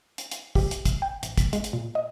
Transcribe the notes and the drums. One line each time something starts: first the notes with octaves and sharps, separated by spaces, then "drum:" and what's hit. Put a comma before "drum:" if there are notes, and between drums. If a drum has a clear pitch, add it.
drum: hi-hat
drum: hi-hat
G4, drum: kick, open hi-hat
drum: hi-hat
E7, drum: kick, hi-hat
G5
A1, drum: hi-hat
B6, drum: kick, hi-hat
G#3, drum: hi-hat
drum: hi-hat
A#2
D#5